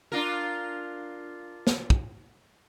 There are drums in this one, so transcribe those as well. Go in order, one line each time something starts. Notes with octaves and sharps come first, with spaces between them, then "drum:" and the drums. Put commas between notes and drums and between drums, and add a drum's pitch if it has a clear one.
D4 F4 A#4
drum: snare
drum: kick